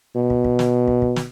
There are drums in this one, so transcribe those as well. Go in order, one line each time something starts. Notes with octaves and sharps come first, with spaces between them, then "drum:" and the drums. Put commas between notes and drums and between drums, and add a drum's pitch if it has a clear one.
B2
drum: kick
drum: kick
drum: snare
drum: kick
drum: kick
drum: snare